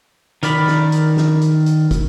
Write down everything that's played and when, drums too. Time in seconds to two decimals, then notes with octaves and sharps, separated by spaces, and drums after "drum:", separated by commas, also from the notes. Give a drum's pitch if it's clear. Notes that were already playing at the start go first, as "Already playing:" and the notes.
0.43 D#3 A#4 D5 B5, drum: hi-hat
0.67 drum: snare
0.92 drum: hi-hat
1.17 drum: snare
1.42 drum: hi-hat
1.66 drum: hi-hat
1.91 drum: kick, hi-hat